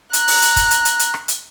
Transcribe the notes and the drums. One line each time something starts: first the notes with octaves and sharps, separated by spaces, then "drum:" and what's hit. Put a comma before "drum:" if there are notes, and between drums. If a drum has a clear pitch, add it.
A#5 F#6, drum: hi-hat
drum: open hi-hat
drum: hi-hat
drum: kick, hi-hat
drum: hi-hat
drum: hi-hat
drum: hi-hat
drum: rim click
drum: hi-hat